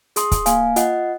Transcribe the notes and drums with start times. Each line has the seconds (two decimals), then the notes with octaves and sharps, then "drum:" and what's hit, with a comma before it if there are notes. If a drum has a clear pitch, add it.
0.16 G#4 C6 D#6, drum: hi-hat
0.32 drum: kick, hi-hat
0.46 A#3 F5 G#5, drum: hi-hat
0.76 F4 D#5 F#5, drum: hi-hat